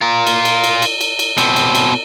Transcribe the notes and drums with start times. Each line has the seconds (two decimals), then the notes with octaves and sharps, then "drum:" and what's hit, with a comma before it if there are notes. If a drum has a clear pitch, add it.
0.01 F4 A#4
0.27 drum: cymbal
0.45 drum: cymbal
0.64 drum: cymbal
0.82 drum: cymbal
1.01 drum: cymbal
1.19 drum: cymbal
1.38 B2 C4, drum: cymbal
1.56 drum: cymbal
1.75 drum: cymbal